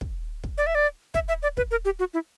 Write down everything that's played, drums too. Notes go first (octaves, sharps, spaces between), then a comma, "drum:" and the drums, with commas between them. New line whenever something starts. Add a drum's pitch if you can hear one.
drum: kick
drum: kick
D5
E5
D5
E5, drum: kick
E5
D5
B4, drum: kick
A#4
G4
F#4
E4